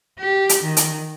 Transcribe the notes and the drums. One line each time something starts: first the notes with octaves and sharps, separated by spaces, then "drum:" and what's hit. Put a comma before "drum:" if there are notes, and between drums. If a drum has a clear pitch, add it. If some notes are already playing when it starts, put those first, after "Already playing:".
G4
drum: hi-hat
D#3
drum: hi-hat